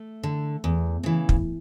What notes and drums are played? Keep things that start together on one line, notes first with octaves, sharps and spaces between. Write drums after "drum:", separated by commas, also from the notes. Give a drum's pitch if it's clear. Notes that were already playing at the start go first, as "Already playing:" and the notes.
Already playing: A3
D3
E2
C#3 E3
drum: kick